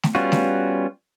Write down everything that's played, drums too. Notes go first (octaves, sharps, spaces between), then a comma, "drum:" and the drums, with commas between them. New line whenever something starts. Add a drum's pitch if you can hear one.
drum: snare A3
G3 B3 C#4 F4 F#4
drum: snare A3